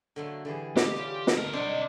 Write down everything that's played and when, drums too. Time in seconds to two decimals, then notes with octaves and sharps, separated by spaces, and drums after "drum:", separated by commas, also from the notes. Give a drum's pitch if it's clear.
0.16 D3 F#3 A3 A#3
0.45 D3 E3 G3 G#4
0.76 G4, drum: snare
0.96 G3 C#4 F4
1.27 drum: snare
1.38 D2 A#4 A5
1.53 C4 D4 D#4 C5 D5 F#5